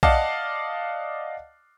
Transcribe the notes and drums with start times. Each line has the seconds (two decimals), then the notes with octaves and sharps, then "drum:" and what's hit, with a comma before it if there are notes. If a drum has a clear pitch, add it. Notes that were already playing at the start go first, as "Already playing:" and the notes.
0.03 D5 D#5 F5 F#5 A5, drum: kick B1